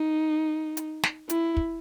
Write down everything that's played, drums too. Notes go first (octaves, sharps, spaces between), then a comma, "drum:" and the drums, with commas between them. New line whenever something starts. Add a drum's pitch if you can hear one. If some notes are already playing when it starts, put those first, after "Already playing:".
Already playing: D#4
drum: hi-hat
drum: snare
E4, drum: hi-hat
drum: kick